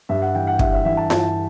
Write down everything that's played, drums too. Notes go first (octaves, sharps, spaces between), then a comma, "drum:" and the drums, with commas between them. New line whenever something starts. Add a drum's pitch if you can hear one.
G2 E5
F#5
E3 G5
F#5
G2 E5, drum: kick
E5
E3 E5
A5
G2 A5, drum: snare F4